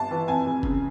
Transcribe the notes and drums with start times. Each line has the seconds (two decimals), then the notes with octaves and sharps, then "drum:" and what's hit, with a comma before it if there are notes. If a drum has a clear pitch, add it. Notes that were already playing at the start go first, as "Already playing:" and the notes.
Already playing: G1 A5
0.11 E3
0.28 F2 G#5
0.46 F1
0.63 C#3, drum: kick F#1